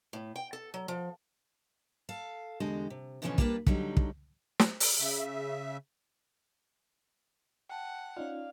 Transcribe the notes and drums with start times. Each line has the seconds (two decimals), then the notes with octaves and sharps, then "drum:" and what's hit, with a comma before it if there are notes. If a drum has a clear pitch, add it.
0.13 A2
0.36 G5
0.53 A4
0.74 F#3
0.88 F3
2.09 A4 F5
2.60 E2 D3 G#3 G4 D#5
2.90 C3
3.22 B2 D3 E3 F3 G3 C#4
3.38 G3 A#3 D4 F4 B4, drum: kick
3.67 D3 F#3 G3 D#4, drum: kick
3.97 drum: kick
4.59 drum: snare
4.80 drum: open hi-hat
4.98 C#3 E5
7.70 F#5 G5 A5
8.17 C#4 D#4 F4 D5 F5